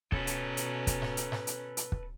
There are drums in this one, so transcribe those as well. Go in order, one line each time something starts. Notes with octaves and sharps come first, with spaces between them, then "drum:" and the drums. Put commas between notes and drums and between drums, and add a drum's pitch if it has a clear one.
B2 C#4 A4 B4, drum: kick
drum: hi-hat
drum: hi-hat
drum: kick, hi-hat
drum: snare G#2
drum: hi-hat
drum: snare G#2
drum: hi-hat
drum: hi-hat
drum: kick